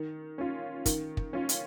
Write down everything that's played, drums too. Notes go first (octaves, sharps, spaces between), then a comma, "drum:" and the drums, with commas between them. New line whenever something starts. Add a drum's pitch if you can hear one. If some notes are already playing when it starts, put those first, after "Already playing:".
Already playing: D#3
C#4 F4
D#3, drum: kick, hi-hat
drum: kick
C#4 F4
drum: hi-hat